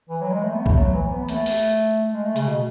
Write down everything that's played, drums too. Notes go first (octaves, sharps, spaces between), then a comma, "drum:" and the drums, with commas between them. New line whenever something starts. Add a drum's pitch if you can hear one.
E3
F#3
G#3
A3
B3
A3, drum: kick B1
F#3
E3
B3
B3
A3, drum: hi-hat
drum: open hi-hat
G#3
A3
C#3, drum: hi-hat
B2